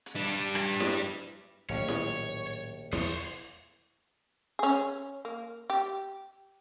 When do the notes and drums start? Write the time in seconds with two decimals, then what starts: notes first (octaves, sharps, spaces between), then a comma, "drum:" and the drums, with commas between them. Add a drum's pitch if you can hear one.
0.06 drum: hi-hat
0.15 G3 D4
0.24 drum: hi-hat
0.55 drum: rim click
0.80 drum: snare E4
1.69 A#1 D#2 A2 F#3 A3 C#4 C#5
1.88 drum: snare E4
2.92 E2 C5 C#5, drum: snare E4
3.23 drum: open hi-hat
4.59 C#4 G#4
5.25 A#3
5.70 G4